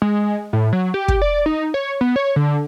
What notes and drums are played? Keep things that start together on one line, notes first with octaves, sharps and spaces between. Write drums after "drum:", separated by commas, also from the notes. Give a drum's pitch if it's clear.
G#3
A2
F#3
G4
drum: kick
D5
D#4
C#5
B3
C#5
D3